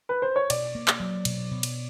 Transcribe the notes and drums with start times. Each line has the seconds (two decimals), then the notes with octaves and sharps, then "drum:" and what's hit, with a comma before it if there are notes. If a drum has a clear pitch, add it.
0.09 B4
0.22 C5
0.36 C#5
0.50 B2 D5, drum: cymbal
0.75 A#3
0.88 drum: clap
1.00 F#3
1.25 B2, drum: cymbal
1.51 B2
1.63 drum: cymbal